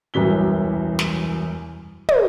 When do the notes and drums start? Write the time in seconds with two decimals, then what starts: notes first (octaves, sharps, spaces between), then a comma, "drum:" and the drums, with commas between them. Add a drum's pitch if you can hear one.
0.14 E1 C2 F#2 E3 B6 G7
0.99 drum: snare
2.09 drum: tom